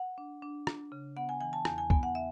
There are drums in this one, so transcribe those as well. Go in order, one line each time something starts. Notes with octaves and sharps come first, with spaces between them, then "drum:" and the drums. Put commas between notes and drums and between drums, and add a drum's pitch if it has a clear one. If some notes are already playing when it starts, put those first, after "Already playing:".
Already playing: F#5
D4
D4
D4, drum: rim click
C#3
B3 F#5
G#5
E3 G#5
A5
E2 G#5, drum: rim click
G#5
B3 G#5, drum: kick C2
F#5
E5